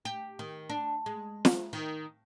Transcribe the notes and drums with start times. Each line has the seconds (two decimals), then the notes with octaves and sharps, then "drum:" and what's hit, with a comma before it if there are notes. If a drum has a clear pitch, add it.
0.05 G4
0.39 D#3
0.69 D4
1.06 G#3
1.45 drum: snare
1.73 D#3